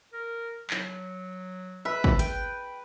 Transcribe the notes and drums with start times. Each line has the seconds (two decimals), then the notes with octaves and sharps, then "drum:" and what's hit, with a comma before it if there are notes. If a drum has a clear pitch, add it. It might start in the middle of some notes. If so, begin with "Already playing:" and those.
0.14 A#4
0.70 F#3, drum: clap
1.85 B4 E5
2.04 drum: kick
2.19 G5, drum: hi-hat